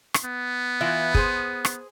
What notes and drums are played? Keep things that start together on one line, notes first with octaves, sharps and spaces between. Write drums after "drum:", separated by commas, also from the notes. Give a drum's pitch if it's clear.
drum: rim click
B3
E3 E4 F4
G#4 C5, drum: kick
drum: rim click